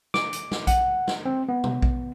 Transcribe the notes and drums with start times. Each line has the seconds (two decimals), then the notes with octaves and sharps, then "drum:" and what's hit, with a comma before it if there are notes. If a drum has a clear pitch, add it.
0.14 D6, drum: snare
0.33 drum: hi-hat
0.51 drum: snare
0.67 F#5, drum: kick A#1, hi-hat
1.08 drum: snare
1.25 C4
1.49 B3
1.64 drum: tom B2
1.82 drum: kick A#1